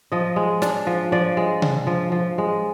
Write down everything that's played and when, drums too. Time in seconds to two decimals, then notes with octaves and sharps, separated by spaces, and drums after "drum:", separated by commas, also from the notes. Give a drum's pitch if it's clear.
0.12 F3 D#5
0.36 G#3
0.62 D4, drum: snare
0.87 F3
1.12 F3 D5
1.37 G#3
1.62 D4, drum: tom C3
1.87 F3
2.12 F3
2.38 G#3